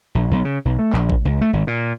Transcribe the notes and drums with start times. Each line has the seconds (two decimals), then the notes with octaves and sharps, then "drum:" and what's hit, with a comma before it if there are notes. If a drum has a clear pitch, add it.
0.15 A#1
0.31 B1
0.45 C#3
0.65 B1
0.79 A3
0.93 A#1, drum: clap
1.09 drum: kick A1
1.25 C#2
1.41 A3
1.53 G#1
1.67 A#2